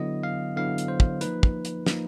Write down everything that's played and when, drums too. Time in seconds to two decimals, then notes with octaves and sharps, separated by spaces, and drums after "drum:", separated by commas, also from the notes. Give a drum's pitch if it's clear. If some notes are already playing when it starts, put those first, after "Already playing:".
Already playing: D3 F#3 B3 E4 D#5
0.23 F5
0.56 D3 F#3 B3 E4 F5
0.78 drum: hi-hat
0.88 C5
1.00 drum: kick
1.21 F3 A#3 D#4 B4, drum: hi-hat
1.43 drum: kick
1.65 drum: hi-hat
1.86 F3 A#3 D#4, drum: snare